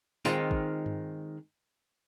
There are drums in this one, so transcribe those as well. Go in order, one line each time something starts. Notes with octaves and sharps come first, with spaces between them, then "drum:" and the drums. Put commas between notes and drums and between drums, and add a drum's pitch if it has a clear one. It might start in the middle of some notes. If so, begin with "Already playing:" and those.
D#3 G#3 C4 D#4 F4, drum: tambourine
drum: kick
drum: tom G2